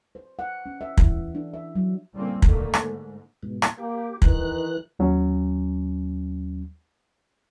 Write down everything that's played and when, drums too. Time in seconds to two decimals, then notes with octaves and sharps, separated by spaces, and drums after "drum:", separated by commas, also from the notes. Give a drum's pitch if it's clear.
0.15 C5
0.39 F#5
0.66 C#4
0.81 E5
0.98 E3, drum: kick
1.35 D4
1.54 E5
1.75 F#3
2.13 A2 C#3 G3 A#3 C4
2.42 A#2 D3 D#3 A3 A#3, drum: kick
2.74 G#2, drum: rim click
3.43 G#2 B2
3.62 drum: rim click
3.78 A#3 G4
4.22 D#3 E3 F#6, drum: kick
4.99 D#2 F#3 C#4